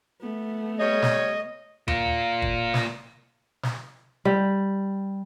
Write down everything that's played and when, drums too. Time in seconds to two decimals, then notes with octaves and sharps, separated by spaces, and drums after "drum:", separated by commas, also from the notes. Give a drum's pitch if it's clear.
0.21 A3 B3
0.79 G3 C#5 D#5
1.02 drum: snare
1.88 A#3 F4, drum: tom D#2
2.42 drum: kick
2.74 drum: snare
3.63 drum: snare
4.25 G3